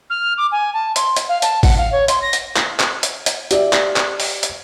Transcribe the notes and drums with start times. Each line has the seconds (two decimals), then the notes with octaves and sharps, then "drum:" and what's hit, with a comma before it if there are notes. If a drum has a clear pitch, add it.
0.10 F6
0.38 D6
0.52 G#5
0.74 A5
0.96 C6, drum: hi-hat
1.16 drum: hi-hat
1.29 F5
1.42 A5, drum: hi-hat
1.63 F#5, drum: kick G#1, open hi-hat
1.78 F5
1.92 C#5
2.08 C6, drum: hi-hat
2.22 A#6
2.33 drum: hi-hat
2.56 drum: clap
2.80 drum: clap
3.03 drum: hi-hat
3.26 drum: hi-hat
3.51 G4 D5 E5, drum: hi-hat
3.73 drum: clap
3.96 drum: clap
4.20 drum: open hi-hat
4.43 drum: hi-hat